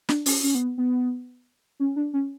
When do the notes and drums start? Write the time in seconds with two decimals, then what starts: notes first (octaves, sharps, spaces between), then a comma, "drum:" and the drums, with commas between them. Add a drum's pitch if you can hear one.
0.09 D4, drum: snare
0.26 C#4, drum: open hi-hat
0.43 C#4
0.55 B3
0.78 B3
1.80 C#4
1.96 D4
2.13 C#4